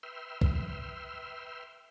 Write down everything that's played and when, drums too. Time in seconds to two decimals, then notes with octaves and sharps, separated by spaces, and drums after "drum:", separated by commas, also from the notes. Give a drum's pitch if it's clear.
0.03 B4 E5 G5 C6 E6 F6
0.41 drum: kick